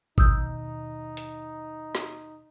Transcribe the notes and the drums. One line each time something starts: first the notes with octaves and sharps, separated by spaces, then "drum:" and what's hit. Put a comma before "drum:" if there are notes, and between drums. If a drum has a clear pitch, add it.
D#2 B2 D#4 D#6 E6 G6, drum: kick
drum: hi-hat
drum: snare